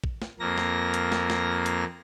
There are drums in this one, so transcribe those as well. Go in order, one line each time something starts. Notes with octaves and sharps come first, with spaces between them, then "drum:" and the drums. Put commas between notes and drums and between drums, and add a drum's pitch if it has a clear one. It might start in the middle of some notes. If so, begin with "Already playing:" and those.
drum: kick
drum: snare
F2 A#3 A#6
drum: snare
drum: hi-hat
drum: snare
drum: snare
drum: hi-hat